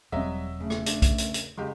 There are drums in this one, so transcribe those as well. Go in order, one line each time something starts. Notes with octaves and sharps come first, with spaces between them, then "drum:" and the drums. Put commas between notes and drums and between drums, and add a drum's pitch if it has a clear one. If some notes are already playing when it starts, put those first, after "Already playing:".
E1 F#3 G3 C4 D#5 E5
C#3 A3
drum: rim click
D4, drum: hi-hat
drum: kick B1, hi-hat
drum: hi-hat
drum: hi-hat
F#1 G#3 G4